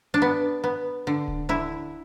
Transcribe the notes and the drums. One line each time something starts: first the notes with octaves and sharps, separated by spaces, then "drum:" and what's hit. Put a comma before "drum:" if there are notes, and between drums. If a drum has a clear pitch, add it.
D4
B3
B3
D3
drum: kick D1
D3 E4